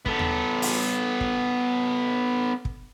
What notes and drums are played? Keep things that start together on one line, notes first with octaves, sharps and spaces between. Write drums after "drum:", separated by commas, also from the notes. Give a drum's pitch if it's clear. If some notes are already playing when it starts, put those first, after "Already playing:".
B3 A4, drum: kick
drum: tom D#2
drum: open hi-hat
drum: kick
drum: kick